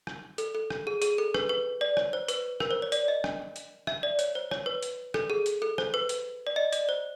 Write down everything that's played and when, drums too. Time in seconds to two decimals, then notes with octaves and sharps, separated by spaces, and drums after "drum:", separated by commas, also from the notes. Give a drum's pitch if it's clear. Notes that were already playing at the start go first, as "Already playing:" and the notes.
0.07 drum: rim click
0.38 A4, drum: hi-hat
0.55 A4
0.70 drum: rim click
0.87 G#4
1.02 G#4, drum: hi-hat
1.18 A4
1.34 B4, drum: rim click
1.49 B4
1.81 D5
1.97 C#5, drum: rim click
2.13 C5
2.28 B4, drum: hi-hat
2.60 A#4, drum: rim click
2.71 C5
2.82 C#5
2.92 D5, drum: hi-hat
3.08 D#5
3.24 drum: rim click
3.56 drum: hi-hat
3.87 E5, drum: rim click
4.03 D5
4.19 C#5, drum: hi-hat
4.35 C5
4.51 C#5, drum: rim click
4.66 B4
4.82 drum: hi-hat
5.14 A4, drum: rim click
5.30 G#4
5.46 drum: hi-hat
5.62 A4
5.78 C5, drum: rim click
5.94 B4
6.09 drum: hi-hat
6.47 D5
6.56 D#5
6.73 D5, drum: hi-hat
6.89 C5